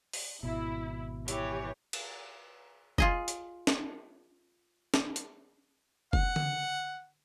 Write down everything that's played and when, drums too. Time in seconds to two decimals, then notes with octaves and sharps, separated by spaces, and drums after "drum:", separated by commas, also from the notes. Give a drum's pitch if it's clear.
0.13 drum: open hi-hat
0.43 G#1 B2 E4
1.28 E3 G4 C#5, drum: hi-hat
1.93 drum: cymbal
2.98 F4 G#4 D#5, drum: kick
3.28 drum: hi-hat
3.67 drum: snare
4.94 drum: snare
5.16 drum: hi-hat
6.13 F#5, drum: kick
6.36 drum: tom D3